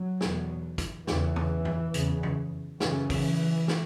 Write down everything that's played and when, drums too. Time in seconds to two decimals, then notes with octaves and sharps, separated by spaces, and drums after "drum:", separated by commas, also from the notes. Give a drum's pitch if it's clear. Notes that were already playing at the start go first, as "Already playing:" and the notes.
Already playing: F#3
0.21 E2 B2, drum: snare
0.78 drum: kick, hi-hat
1.07 E2 C#3 E3, drum: snare
1.36 drum: tom
1.65 drum: tom F2
1.94 E2 C#3, drum: hi-hat
2.23 drum: tom F2
2.80 F#2 C#3 E3, drum: snare
3.10 drum: kick, open hi-hat
3.68 drum: snare